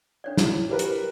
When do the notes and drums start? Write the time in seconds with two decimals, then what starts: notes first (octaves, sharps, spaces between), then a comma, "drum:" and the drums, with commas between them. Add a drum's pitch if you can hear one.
0.24 D4 C#5 D5
0.37 E4, drum: snare
0.70 G4 A#4 B4
0.79 drum: hi-hat